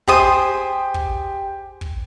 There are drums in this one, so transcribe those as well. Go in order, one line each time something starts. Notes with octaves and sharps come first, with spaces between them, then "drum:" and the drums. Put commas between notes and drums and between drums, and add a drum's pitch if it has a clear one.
G4 G#4 C5 D#6, drum: kick
drum: kick
drum: kick